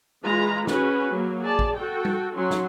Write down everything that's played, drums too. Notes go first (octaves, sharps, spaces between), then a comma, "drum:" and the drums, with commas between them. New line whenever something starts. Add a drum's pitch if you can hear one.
E3 G#3 F4 A#5 B5
C#4 F#4 G#4 B4, drum: snare
F#3 A#3
G#4 D5 A5
drum: kick A1
F#4 A4 G5
drum: tom G3
F#3 C#4 C6
drum: snare